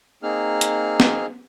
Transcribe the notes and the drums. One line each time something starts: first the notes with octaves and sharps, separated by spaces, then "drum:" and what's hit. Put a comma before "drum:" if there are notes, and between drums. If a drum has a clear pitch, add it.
A#3 C4 D#4 G#4 F6
drum: hi-hat
drum: snare